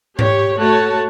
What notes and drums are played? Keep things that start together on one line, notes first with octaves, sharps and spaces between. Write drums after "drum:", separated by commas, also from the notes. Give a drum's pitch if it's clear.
G4 C#5, drum: tom G#2
A3 F#4 C#5 A5